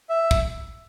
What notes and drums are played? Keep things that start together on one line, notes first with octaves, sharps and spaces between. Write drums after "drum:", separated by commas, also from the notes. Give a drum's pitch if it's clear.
E5
drum: kick